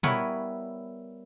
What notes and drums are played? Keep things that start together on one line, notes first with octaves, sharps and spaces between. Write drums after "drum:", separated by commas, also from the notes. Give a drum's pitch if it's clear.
G3 B3 E4 A#4 B4 C#5, drum: tom